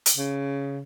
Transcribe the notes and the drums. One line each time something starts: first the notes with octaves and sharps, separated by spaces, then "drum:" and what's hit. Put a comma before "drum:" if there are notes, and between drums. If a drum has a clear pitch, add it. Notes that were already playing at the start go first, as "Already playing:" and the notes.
drum: hi-hat
C#3